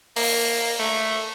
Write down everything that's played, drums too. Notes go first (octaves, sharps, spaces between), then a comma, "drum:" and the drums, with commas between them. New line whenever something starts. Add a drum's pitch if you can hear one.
A#3, drum: open hi-hat
A3